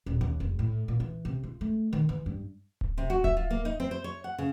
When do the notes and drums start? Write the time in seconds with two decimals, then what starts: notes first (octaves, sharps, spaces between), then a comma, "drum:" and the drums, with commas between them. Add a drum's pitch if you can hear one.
0.06 D#1
0.21 D#2, drum: tom D2
0.40 F1
0.59 A2
0.88 A#2
1.00 E3
1.25 C3
1.43 F4
1.61 A3
1.93 D#3
2.09 E3
2.26 G2
2.81 drum: kick D1
2.98 C3
3.10 F#4
3.24 E5, drum: kick D1
3.37 F4
3.50 A#3
3.65 D#4
3.80 C4
3.91 C5
4.04 C#5
4.24 F#5
4.38 C#3